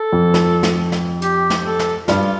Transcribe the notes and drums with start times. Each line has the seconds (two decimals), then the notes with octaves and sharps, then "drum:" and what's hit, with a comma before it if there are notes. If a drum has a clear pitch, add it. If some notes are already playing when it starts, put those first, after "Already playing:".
Already playing: A4
0.13 F2
0.34 drum: snare
0.63 drum: snare
0.92 drum: snare
1.22 G4, drum: hi-hat
1.50 drum: snare
1.65 A4
1.79 drum: snare
2.08 G2 F4, drum: snare